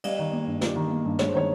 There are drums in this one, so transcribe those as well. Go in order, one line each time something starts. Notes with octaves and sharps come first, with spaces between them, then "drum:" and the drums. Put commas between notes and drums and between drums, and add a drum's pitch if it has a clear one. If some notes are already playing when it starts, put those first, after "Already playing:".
G3 D#5, drum: cymbal
D#3
A#3
G2
G3 D5, drum: snare
D#3
A#3
G2
G#3 C#5, drum: snare
C5
D#3 C#5